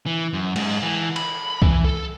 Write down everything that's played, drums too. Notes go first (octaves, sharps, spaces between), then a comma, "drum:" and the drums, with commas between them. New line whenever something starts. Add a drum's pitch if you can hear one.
E3
F#2
G#2, drum: cymbal
E3
B5, drum: cymbal
E3, drum: kick C2
A4